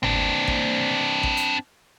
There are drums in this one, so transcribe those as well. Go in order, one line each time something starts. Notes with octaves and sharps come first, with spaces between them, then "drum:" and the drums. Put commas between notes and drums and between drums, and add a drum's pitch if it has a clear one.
C4 D4, drum: tom G1
drum: kick A1
drum: kick A1
drum: hi-hat